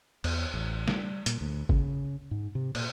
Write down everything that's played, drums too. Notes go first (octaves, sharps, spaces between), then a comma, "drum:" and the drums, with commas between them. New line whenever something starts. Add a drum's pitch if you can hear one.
E2, drum: cymbal
A1
G3, drum: snare
A#2, drum: hi-hat
D2
C#3, drum: kick G1
G#2
C3
A#2, drum: cymbal